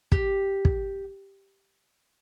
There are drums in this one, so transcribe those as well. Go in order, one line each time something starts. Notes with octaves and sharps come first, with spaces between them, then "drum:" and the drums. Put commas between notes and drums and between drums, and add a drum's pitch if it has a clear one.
G4, drum: kick
drum: kick